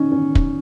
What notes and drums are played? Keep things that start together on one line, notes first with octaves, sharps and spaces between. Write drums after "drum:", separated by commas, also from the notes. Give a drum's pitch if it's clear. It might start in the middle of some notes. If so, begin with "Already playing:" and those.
Already playing: C#4 D#4
C#4
drum: kick